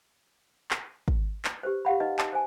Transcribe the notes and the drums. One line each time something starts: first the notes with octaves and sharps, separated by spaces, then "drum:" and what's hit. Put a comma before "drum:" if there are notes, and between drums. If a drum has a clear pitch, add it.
drum: clap
drum: kick G#1
drum: clap
G4 B4 C5
G4 F5 F#5 B5
D#4 B4 D#5
A5, drum: clap
C5 G#5